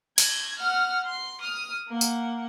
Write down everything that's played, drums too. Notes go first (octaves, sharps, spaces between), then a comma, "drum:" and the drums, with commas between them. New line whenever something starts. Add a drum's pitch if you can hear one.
G#6, drum: cymbal
F#5 F6
C6 C7
D#6 F6
A#3 F#5
drum: tambourine